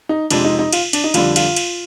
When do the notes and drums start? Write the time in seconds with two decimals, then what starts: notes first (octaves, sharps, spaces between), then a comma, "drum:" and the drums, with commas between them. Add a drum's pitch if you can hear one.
0.09 D#4
0.30 F2 C3 F3 G#3 D4, drum: cymbal
0.45 D#4
0.59 D#4
0.73 F4, drum: cymbal
0.93 D4, drum: cymbal
1.04 D#4
1.14 F2 D3 G3 F4, drum: cymbal
1.36 F4, drum: cymbal
1.56 drum: cymbal